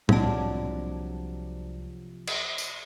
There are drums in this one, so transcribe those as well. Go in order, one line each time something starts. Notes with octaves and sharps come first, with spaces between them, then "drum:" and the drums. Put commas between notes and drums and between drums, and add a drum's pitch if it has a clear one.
C2 C3 F3 F#3 A#3 D4 A5, drum: tom
drum: cymbal
drum: tambourine